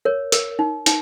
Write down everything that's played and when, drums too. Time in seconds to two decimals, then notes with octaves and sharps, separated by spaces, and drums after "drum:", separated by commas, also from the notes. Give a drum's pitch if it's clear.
0.05 A#4 C#5
0.32 A#4, drum: hi-hat
0.59 D#4
0.86 D#4, drum: hi-hat